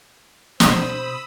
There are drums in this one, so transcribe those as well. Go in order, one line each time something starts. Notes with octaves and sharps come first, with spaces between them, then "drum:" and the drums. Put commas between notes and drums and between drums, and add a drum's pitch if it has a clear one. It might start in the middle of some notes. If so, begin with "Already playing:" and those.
B2 C4 C5 B5 D#6 E6, drum: snare